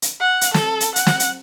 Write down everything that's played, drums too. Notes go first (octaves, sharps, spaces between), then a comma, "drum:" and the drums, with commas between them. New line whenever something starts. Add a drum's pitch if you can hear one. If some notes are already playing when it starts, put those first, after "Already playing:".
drum: hi-hat
F#5
drum: hi-hat
A4, drum: snare
drum: hi-hat
F#5, drum: hi-hat
drum: snare
drum: hi-hat